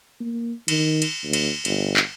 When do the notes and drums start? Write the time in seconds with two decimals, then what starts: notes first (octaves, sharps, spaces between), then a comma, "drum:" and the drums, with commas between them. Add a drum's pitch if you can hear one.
0.21 A#3
0.68 D#3, drum: cymbal
1.02 drum: cymbal
1.24 D2
1.33 drum: cymbal
1.65 G1, drum: cymbal
1.97 drum: clap